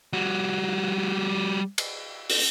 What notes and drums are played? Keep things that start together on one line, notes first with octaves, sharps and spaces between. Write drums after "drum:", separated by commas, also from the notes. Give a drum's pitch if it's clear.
G3 F#4
drum: cymbal
drum: open hi-hat